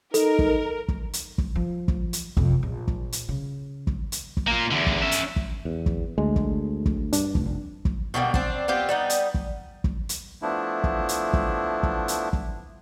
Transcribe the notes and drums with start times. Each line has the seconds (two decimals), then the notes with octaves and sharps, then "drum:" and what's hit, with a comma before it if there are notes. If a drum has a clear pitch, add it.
0.14 D#4 A4 A#4, drum: hi-hat
0.39 drum: kick
0.89 drum: kick
1.13 drum: hi-hat
1.38 drum: kick
1.55 F3
1.88 drum: kick
2.13 drum: hi-hat
2.37 F2 C3, drum: kick
2.63 A#1
2.88 drum: kick
3.12 drum: hi-hat
3.29 C#3
3.87 drum: kick
4.12 drum: hi-hat
4.37 drum: kick
4.47 A#3 F4
4.71 E2 D3
4.87 drum: kick
5.02 C#4 E5
5.12 drum: hi-hat
5.36 drum: kick
5.65 E2
5.86 drum: kick
6.18 D2 G#3
6.36 drum: kick
6.86 drum: kick
7.13 G2 D4, drum: hi-hat
7.35 F1, drum: kick
7.85 drum: kick
8.14 B2 D3 G3 A#3
8.34 C4 D4, drum: kick
8.68 B3 C4 F4 G4
8.89 G3 B3 D#4
9.10 drum: hi-hat
9.34 drum: kick
9.84 drum: kick
10.09 drum: hi-hat
10.42 F3 A3 B3 D4 E4
10.84 drum: kick
11.09 drum: hi-hat
11.34 drum: kick
11.83 drum: kick
12.08 drum: hi-hat
12.33 drum: kick